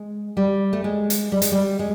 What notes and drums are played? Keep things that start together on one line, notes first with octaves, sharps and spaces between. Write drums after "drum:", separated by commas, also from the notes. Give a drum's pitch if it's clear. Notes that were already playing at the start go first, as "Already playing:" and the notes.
Already playing: G#3
G3
A3
G#3
drum: hi-hat
G3
G#3, drum: hi-hat
G3
G#3